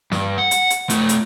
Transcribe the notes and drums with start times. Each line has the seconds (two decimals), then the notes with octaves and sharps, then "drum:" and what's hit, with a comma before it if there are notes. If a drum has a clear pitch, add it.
0.12 G2, drum: snare
0.38 F#5
0.51 drum: hi-hat
0.70 drum: hi-hat
0.90 A3 F4, drum: hi-hat
1.09 drum: hi-hat